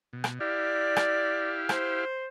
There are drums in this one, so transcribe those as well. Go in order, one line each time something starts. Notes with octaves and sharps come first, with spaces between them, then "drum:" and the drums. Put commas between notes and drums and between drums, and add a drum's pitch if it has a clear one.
B2
drum: rim click
E4 G4 D5 F5
drum: rim click
C5, drum: rim click